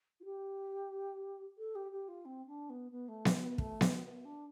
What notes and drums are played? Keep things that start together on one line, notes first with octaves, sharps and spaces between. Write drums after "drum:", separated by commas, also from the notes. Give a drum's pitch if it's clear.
F4
G4
A4
G4
G4
F4
C4
D4
B3
B3
A3
B3, drum: snare B3
B3
A3, drum: kick
B3, drum: snare B3
B3
D4